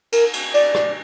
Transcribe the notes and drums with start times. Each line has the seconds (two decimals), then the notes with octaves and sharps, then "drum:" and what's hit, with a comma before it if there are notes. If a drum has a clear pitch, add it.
0.12 A#4, drum: cymbal
0.33 drum: cymbal
0.54 D5, drum: cymbal
0.75 drum: rim click